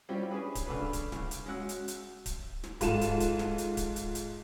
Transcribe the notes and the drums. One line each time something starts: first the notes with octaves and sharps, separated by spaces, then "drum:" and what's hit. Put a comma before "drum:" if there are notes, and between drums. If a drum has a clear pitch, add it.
G3 C4 C#4 E4 F4 G4
C#4 D4 G#4 B4
drum: kick D1, hi-hat
C#3 D4 A4 B4
drum: kick D1, hi-hat
C#3, drum: snare
drum: hi-hat
G#3 C#4 F#4 F#5 E6
drum: hi-hat
drum: hi-hat
drum: kick D1, hi-hat
drum: snare
G#2 F4 A4 D#7 E7, drum: kick D1, hi-hat
drum: hi-hat
drum: kick D1, hi-hat
drum: snare
drum: hi-hat
drum: kick D1, hi-hat
drum: hi-hat
drum: hi-hat